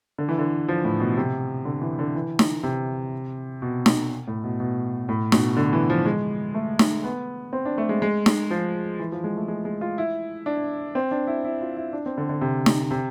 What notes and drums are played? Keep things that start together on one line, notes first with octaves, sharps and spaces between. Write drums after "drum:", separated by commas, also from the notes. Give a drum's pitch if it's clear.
D3
E3
D3
F3
A2
B2
C3
D3
E3
D3
E3
drum: snare
C3
B2
drum: snare
A2
B2
B2
A2
B2, drum: snare
D3
E3
F3
G#3
A3
drum: snare
B3
C4
D4
A3
G#3
G#3
drum: snare
F3
E3
F3
G#3
A3
G#3
G#3
F4
E4
D4
C4
D4
E4
E4
F4
E4
D4
C4
D3
D3
C3
drum: snare
C3